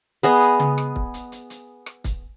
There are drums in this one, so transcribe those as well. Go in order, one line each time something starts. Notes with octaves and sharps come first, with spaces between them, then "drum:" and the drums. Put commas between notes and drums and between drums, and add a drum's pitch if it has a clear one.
B3 G#4 D#5, drum: hi-hat
drum: hi-hat
drum: tom C#3
drum: rim click
drum: kick
drum: hi-hat
drum: hi-hat
drum: hi-hat
drum: rim click
drum: kick, hi-hat